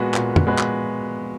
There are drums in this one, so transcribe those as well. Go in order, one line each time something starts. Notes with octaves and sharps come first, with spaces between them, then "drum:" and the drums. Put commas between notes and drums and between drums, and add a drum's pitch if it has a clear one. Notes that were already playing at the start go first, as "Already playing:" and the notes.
Already playing: A#2 G#3 B3 F#4 B4
A#2, drum: clap
drum: tom
G#3 B3 F#4 B4
drum: clap